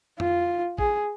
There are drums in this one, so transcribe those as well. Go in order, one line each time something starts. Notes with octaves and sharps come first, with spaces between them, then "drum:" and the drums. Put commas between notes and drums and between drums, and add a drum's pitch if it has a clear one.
F4, drum: tom F2
G#4, drum: kick A1